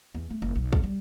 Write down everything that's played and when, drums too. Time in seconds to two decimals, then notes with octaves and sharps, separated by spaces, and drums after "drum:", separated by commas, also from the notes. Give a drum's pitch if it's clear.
0.14 E2
0.30 A3
0.42 F#1
0.55 B1
0.73 drum: kick
0.84 G3